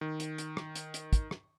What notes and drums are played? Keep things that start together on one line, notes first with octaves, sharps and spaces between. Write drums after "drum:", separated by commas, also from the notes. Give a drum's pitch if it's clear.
D#3
drum: hi-hat
drum: hi-hat
drum: rim click
drum: hi-hat
drum: hi-hat
drum: kick, hi-hat
drum: rim click